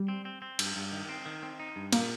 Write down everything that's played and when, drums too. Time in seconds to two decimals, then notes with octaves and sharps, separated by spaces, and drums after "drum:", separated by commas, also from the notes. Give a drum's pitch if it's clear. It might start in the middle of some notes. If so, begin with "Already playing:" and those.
Already playing: G3
0.08 C4
0.25 C4
0.42 C4
0.59 G2, drum: cymbal
0.76 G2
0.92 D#3
1.09 C4
1.26 D#3
1.43 C4
1.59 D#4
1.76 G2
1.93 A#2 A#3, drum: cymbal